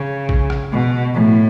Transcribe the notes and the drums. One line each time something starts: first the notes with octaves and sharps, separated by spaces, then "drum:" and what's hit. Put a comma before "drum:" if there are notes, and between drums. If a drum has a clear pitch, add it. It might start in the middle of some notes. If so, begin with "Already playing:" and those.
Already playing: C#3
drum: kick
drum: rim click
B2
A2